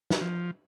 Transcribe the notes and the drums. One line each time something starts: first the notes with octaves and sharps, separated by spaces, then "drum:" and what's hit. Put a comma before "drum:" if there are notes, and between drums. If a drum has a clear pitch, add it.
drum: snare
F3